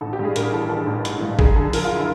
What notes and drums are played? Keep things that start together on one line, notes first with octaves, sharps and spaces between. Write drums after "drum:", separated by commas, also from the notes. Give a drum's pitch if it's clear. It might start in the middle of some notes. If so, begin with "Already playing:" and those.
A1 A4
G4
G2
G#4
A1 A#4, drum: hi-hat
E3 A4
E3 A4
A1
A1, drum: hi-hat
G2
F#2 G#4, drum: kick G#1
D3 A4
F3 A#4, drum: open hi-hat
F4
D3
E4